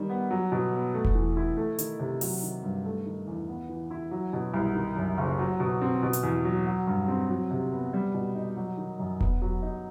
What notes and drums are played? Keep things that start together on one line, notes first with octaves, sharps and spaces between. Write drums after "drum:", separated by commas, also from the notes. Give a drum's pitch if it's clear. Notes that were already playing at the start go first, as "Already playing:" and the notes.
Already playing: D#3 G3
B3
F#3
B2
B3
A3
drum: kick E1
E3
E4
A3
D#3, drum: hi-hat
C3
F#3, drum: open hi-hat
D#3
G2
A3
D#3
E2
B3
E3
E4
F#3
B2
C2
D#3
F#2
F#1
F#3
B2
C4
B2
drum: hi-hat
E2
F#3
F#3
G2
C4
F#3
C3
B3
G3
B2
D#4
F#3
D#3
F#2
B3, drum: kick E1
F#3
D#4